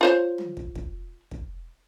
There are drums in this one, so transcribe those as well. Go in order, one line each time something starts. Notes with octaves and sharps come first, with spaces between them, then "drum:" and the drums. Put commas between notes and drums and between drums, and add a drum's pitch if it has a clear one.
F4 C5 C#5
drum: tom
drum: kick
drum: kick
drum: kick